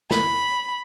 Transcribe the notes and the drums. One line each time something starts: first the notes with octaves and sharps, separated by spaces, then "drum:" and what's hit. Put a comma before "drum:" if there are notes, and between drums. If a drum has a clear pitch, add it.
B5, drum: snare